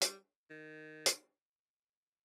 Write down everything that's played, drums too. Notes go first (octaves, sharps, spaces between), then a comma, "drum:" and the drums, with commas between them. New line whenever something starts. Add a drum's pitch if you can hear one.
G3, drum: hi-hat
D#3
drum: hi-hat